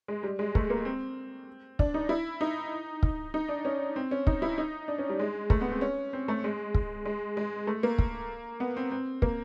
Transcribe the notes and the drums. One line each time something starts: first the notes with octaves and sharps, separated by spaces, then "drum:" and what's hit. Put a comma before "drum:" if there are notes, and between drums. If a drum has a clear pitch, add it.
G#3
G3
G#3
A3, drum: kick
A#3
C4
D4, drum: kick
D#4
E4
D#4
drum: kick
D#4
D4
C#4
C4
C#4
D#4, drum: kick
E4
D#4
D4
C#4
G3
G#3
A3, drum: kick
B3
C4
C#4
C4
A3
G#3
drum: kick
G#3
G#3
A3
A#3
drum: kick
B3
C4
C4
A#3, drum: kick